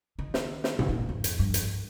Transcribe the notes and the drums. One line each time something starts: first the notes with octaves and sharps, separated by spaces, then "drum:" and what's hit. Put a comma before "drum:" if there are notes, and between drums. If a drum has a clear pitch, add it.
D#3
drum: snare
drum: snare
D3, drum: tom G#2
A#2
F2
drum: hi-hat
G2
F2, drum: hi-hat